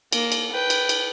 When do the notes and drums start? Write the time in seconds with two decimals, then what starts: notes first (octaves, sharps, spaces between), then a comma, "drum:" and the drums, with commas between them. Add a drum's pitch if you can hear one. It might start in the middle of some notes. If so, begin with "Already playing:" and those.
0.12 A#3, drum: cymbal
0.32 drum: cymbal
0.52 B4 G5
0.70 drum: cymbal
0.89 drum: cymbal